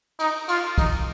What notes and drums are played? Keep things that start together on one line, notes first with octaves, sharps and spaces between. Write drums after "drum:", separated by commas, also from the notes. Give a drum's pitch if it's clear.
D#4, drum: cymbal
F4, drum: cymbal
D#4, drum: kick, cymbal